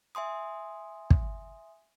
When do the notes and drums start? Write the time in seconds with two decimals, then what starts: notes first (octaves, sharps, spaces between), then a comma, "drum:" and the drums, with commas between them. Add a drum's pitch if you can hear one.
0.15 E5 G#5 C6 D#6
1.10 drum: kick